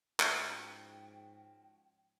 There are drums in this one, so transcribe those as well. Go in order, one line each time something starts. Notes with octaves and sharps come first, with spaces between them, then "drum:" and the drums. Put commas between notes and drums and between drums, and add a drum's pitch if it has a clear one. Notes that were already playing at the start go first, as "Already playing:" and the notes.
G#2 F3 C#4 F#4 G5, drum: clap